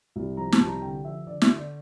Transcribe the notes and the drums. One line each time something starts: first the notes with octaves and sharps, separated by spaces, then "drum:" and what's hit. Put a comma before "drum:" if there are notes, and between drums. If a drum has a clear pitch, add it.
C2
F3 A#5
A5, drum: snare
C2
A#5
D3 G5
F3 E5
D3 D5
E5, drum: snare
D3
D5